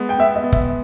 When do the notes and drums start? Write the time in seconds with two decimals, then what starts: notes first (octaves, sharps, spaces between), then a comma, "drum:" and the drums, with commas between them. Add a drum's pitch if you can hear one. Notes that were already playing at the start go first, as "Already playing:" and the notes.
Already playing: G#3 B3
0.09 G5
0.19 B3 E5
0.36 D#5
0.44 B3
0.52 E5, drum: kick